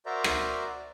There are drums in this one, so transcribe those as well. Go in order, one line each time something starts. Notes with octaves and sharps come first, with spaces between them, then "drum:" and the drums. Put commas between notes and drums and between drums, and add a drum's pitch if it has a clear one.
F#4 A#4 C5 D5 E5 A#5
drum: rim click